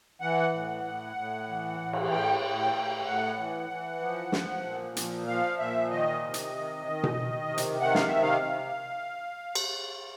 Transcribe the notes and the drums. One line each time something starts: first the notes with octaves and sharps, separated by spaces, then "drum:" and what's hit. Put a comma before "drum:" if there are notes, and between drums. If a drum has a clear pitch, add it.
E3 F#5
A2
A2
A2
E3
A2
drum: cymbal
A2 G5
A2
G5
A2
A2 F#5
E3
E3
F3
F3, drum: snare
A#2
F3, drum: hi-hat
F3 F5
A#2 E5
D#3 D#5
C3
drum: hi-hat
D#3
D#3
drum: tom B2
D#3
C3
drum: hi-hat
D#3 F#5
F5, drum: snare
C3 E5
F5
C3
drum: cymbal